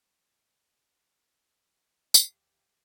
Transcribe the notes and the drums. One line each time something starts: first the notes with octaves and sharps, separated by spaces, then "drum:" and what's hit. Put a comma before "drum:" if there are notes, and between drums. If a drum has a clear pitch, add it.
D#2 G4 F5, drum: tambourine